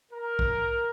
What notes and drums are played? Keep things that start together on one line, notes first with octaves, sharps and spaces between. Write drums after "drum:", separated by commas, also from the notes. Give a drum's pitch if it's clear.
A#4
drum: kick